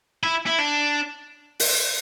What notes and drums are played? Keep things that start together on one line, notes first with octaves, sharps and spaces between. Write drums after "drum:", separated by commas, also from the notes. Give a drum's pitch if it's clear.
E4
E4
D4
drum: open hi-hat